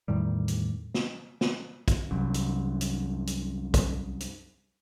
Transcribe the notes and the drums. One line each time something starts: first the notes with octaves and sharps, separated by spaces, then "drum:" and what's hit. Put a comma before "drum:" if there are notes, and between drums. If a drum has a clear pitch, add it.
E2 A2 D#3 G3
drum: hi-hat
drum: snare
drum: snare
drum: kick A#1, hi-hat
C2 F#2
drum: hi-hat
drum: hi-hat
drum: hi-hat
drum: kick A#1, hi-hat
drum: hi-hat